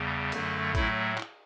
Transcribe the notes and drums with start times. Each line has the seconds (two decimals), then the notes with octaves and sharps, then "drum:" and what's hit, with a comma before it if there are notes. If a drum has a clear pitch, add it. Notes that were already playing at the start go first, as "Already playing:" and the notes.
Already playing: E2 C#3 G3
0.32 F#2 D3 F#3 A3, drum: cymbal
0.75 A2 F#3 A3 E4, drum: kick, cymbal
1.18 drum: clap